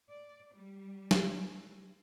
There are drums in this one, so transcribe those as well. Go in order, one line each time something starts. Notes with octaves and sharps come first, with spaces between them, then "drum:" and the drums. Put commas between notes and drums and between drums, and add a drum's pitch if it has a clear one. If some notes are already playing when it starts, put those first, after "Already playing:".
D5
G3
drum: snare